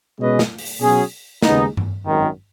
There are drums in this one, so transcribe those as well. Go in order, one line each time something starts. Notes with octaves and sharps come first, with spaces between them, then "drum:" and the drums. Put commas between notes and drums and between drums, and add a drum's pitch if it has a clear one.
B2 G#3 C#4 B4 D#5
drum: snare
drum: open hi-hat
B2 F#3 C#4 G#4
D#2 C#3 G#3 B3 D#4, drum: snare
drum: tom G2
G#1 F#2 D#3